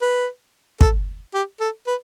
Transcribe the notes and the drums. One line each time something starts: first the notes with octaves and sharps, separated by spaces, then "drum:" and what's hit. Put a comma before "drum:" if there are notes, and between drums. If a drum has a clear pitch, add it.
B4
A4, drum: kick
G4
A4
B4